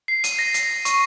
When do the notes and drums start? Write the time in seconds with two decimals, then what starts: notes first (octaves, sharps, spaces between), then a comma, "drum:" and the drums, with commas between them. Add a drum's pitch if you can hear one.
0.08 C7
0.24 D#7, drum: hi-hat
0.39 A#6
0.54 drum: hi-hat
0.85 C#6, drum: hi-hat